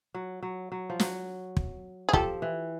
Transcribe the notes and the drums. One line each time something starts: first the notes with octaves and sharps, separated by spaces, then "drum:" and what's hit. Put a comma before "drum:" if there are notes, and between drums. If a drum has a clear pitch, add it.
F#3
F#3
F#3
F3
F#3, drum: snare
drum: kick
G#4
F3 G4 A4, drum: kick
E3